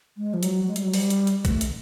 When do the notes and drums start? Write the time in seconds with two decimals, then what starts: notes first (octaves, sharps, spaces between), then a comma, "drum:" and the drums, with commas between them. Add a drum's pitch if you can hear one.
0.17 G#3
0.34 F3
0.43 F#3, drum: hi-hat
0.68 G#3
0.76 G3, drum: hi-hat
0.84 F#3
0.94 G3, drum: open hi-hat
1.10 drum: hi-hat
1.27 drum: hi-hat
1.45 A3, drum: kick A#1, hi-hat
1.61 drum: hi-hat